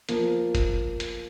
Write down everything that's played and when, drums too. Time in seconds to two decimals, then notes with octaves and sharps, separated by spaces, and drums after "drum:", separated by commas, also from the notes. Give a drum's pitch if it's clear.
0.09 F3 A#3, drum: hi-hat
0.55 drum: kick F#1, hi-hat
1.00 drum: hi-hat